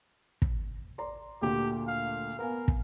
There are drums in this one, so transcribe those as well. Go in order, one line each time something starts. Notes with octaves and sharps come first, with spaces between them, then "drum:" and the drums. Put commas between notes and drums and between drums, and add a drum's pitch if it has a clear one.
drum: kick
D5 A#5 C6
D2 A#2 G4
F5
B3 A#4 F5 G#5
drum: kick